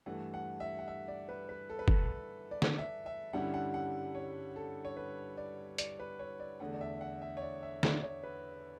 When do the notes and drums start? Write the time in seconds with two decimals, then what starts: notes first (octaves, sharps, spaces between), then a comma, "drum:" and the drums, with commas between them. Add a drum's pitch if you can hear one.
0.06 G2 E3 A3 F#5
0.34 F#5
0.60 E5
0.79 F#5
0.88 E5
1.08 D5
1.29 B4
1.49 B4
1.70 A4
1.79 B4
1.88 A4, drum: kick
2.51 D5
2.62 drum: snare
2.78 E5
3.06 E5
3.33 G2 D3 G3 C#4 E4 F#5
3.54 F#5
3.74 F#5
4.15 C#5
4.56 A4
4.85 C#5
4.97 B4
5.37 D5
5.78 D5, drum: hi-hat
6.00 B4
6.19 C#5
6.40 D5
6.60 E2 D3 A3 F#5
6.74 D5
6.81 E5
7.01 F#5
7.22 E5
7.37 C#5
7.42 D5
7.63 E5
7.83 D5, drum: snare
8.03 C#5
8.23 B4